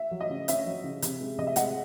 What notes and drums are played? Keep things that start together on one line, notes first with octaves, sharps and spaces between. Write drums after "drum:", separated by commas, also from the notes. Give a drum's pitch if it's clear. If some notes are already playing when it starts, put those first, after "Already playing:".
Already playing: E5
F#3
D#5
C#3
C#4 E5, drum: hi-hat
F#3
C#3
C3, drum: hi-hat
G#3
C3 D#5
E5
G#3 D#5 F#5, drum: hi-hat